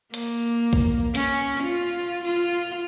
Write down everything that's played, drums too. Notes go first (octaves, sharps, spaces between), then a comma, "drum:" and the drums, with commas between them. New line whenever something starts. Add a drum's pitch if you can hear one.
A#3, drum: hi-hat
drum: kick B1
C#4, drum: hi-hat
F4
F4, drum: tambourine